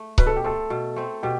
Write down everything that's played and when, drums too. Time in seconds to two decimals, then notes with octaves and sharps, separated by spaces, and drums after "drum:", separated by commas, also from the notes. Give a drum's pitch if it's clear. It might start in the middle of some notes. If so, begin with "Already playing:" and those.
Already playing: A3
0.18 B2 B4, drum: kick C#1
0.27 A4
0.37 G4
0.44 A3 C4 A4
0.70 B2
0.96 A3 C4
1.23 B2 G4